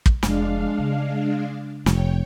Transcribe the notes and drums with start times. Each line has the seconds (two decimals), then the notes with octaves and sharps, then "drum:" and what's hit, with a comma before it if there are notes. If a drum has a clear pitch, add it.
0.06 drum: kick
0.23 F1 F3 G#3 D4 F5, drum: snare
0.78 C#3
1.86 F1 C#5 G5, drum: snare